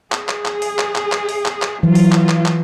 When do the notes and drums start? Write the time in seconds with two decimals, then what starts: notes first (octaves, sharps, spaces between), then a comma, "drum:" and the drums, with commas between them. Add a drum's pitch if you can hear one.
0.12 G#4, drum: clap
0.29 drum: clap
0.45 drum: clap
0.62 drum: open hi-hat
0.79 drum: clap
0.95 drum: clap
1.12 drum: clap
1.29 drum: open hi-hat
1.45 drum: clap
1.62 drum: clap
1.83 E3 F#3 F4
1.95 drum: open hi-hat
2.12 drum: clap
2.29 drum: clap
2.45 drum: clap